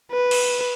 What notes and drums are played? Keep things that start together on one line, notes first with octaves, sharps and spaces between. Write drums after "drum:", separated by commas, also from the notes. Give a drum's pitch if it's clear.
B4
drum: cymbal